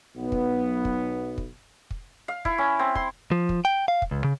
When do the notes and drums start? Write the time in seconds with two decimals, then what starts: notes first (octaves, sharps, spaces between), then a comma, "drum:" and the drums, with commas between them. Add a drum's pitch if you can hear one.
0.16 B1 B3
0.32 drum: kick
0.85 drum: kick
1.38 drum: kick
1.91 drum: kick
2.28 F5
2.45 E4, drum: kick
2.58 C#4
2.79 C4
2.95 C6, drum: kick
3.31 F3
3.49 drum: kick
3.65 G5
3.88 F5
4.02 drum: kick
4.11 C#2
4.24 C#3